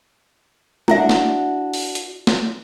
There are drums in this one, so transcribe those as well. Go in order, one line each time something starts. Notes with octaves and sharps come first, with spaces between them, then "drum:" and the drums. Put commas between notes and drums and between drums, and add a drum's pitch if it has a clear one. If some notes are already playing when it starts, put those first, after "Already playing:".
D4 E4 F#4 E5 F#5, drum: tom G#3
drum: snare
drum: open hi-hat
drum: hi-hat
drum: snare